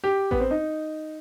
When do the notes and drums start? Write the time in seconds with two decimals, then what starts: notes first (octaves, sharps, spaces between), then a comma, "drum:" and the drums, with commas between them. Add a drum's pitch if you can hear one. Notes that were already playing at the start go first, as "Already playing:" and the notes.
0.04 G4
0.31 B3, drum: kick A1
0.40 C4
0.51 D#4